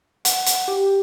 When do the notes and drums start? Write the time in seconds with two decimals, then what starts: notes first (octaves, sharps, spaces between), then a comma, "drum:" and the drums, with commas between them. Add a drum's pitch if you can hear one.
0.25 F#5, drum: hi-hat
0.46 drum: hi-hat
0.68 G4